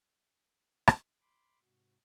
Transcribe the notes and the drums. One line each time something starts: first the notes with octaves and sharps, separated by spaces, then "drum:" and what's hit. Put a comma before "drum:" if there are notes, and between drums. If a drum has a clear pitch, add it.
drum: rim click
B5 C6 D6
G#2 C3 F#4